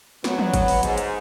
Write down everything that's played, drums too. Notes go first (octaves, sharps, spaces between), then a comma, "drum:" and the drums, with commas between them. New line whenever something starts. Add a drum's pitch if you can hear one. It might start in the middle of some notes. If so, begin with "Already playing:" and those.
F#3 B3, drum: snare
drum: tom
drum: kick G1, hi-hat
drum: open hi-hat
G#2, drum: hi-hat
drum: hi-hat